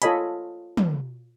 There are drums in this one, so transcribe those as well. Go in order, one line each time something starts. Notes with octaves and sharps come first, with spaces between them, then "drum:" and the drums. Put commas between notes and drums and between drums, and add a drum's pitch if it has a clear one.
F4 A4 C#5 D#5 G#5 B5, drum: hi-hat
drum: tom